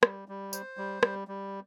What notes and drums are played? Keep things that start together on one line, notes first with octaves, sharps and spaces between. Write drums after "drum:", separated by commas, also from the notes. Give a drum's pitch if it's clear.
G3, drum: rim click
G3
C5, drum: tambourine
G3
G3, drum: rim click
G3